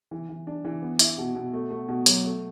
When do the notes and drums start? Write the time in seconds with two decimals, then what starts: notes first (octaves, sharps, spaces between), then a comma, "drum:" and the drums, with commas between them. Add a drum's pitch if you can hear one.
0.11 E3
0.29 E3
0.47 D4
0.65 E3
0.82 B3
0.99 E4, drum: hi-hat
1.18 B2
1.35 B2
1.53 A3
1.71 A3
1.88 B2
2.06 F#3, drum: hi-hat
2.24 A3